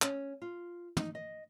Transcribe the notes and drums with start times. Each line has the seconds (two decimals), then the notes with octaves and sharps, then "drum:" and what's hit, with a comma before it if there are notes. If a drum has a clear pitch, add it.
0.02 C#4, drum: clap
0.42 F4
0.97 D#4, drum: tom
1.15 D#5